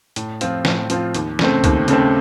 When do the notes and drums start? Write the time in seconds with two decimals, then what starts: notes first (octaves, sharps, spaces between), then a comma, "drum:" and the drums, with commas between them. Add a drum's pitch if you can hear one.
0.16 A2, drum: hi-hat
0.41 F3 C4 F4, drum: hi-hat
0.65 A2, drum: snare
0.90 F3 C4 F4, drum: hi-hat
1.14 D#2, drum: hi-hat
1.39 C#3 A3 C4, drum: snare
1.64 D#2, drum: kick, hi-hat
1.88 C#3 A3 C4, drum: hi-hat